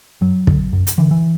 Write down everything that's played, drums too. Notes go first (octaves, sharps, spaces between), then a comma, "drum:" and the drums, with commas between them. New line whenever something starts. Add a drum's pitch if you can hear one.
F#2 F#3
D3, drum: kick
F#2
drum: hi-hat
D3 E3
E3